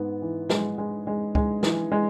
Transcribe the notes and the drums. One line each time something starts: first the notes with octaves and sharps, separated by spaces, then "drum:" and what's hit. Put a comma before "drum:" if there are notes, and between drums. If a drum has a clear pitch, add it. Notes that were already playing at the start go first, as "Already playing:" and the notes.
Already playing: G#2 B3
E3
G#3, drum: snare
G#3
G#3
G#3, drum: kick
E3, drum: snare
G#3